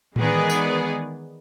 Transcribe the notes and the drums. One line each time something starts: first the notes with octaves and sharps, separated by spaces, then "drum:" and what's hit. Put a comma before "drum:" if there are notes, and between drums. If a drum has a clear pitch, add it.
D#3 E3 G#3 B3 G#4 D5, drum: tom A2
drum: tambourine